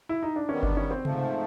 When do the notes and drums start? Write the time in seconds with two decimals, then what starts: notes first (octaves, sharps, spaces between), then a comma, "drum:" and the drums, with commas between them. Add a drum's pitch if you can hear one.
0.09 E4
0.23 D#4
0.36 D4
0.49 D#3 G3 B3 C#4
0.63 D4, drum: kick G1
0.77 C#4
0.91 C4
1.05 G#2 F3 A3, drum: tom C3